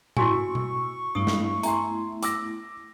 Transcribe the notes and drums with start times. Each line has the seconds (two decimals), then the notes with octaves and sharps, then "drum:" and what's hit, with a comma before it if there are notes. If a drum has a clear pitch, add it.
0.17 E4 F#4 G#5 C#6 E6, drum: tom A2
0.55 drum: tom B2
1.15 G2 A3 B3 E4 D#6
1.27 drum: snare
1.63 E5 G#5 A#5 C6, drum: hi-hat
2.23 D6 E6 A#6, drum: hi-hat